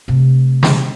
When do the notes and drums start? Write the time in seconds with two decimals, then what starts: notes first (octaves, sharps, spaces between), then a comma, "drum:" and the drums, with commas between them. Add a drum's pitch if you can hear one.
0.08 C3 A3
0.63 drum: snare